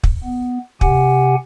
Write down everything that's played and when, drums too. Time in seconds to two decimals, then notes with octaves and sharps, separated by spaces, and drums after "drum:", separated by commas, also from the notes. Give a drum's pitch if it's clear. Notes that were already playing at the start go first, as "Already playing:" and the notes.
0.04 drum: kick
0.24 B3
0.81 C3 G4 F#5 G#5, drum: kick